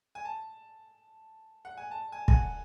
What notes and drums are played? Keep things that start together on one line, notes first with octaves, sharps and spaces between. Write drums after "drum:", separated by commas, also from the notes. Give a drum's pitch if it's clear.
G#5
A5
F#5
G#5
A5
G#5
G#5, drum: kick
F#5